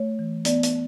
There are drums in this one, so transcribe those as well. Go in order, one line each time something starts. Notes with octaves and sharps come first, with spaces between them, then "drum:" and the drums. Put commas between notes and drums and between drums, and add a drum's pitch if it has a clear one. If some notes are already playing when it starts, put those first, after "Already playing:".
Already playing: A3 C#5
E3
B3 D5, drum: hi-hat
drum: hi-hat